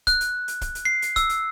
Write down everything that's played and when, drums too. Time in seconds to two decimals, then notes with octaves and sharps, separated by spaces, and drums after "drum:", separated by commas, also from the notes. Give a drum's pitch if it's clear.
0.07 F#6, drum: kick, hi-hat
0.21 drum: hi-hat
0.48 drum: hi-hat
0.61 drum: kick, hi-hat
0.75 drum: hi-hat
0.85 C7
1.02 drum: hi-hat
1.16 E6, drum: kick, hi-hat
1.29 drum: hi-hat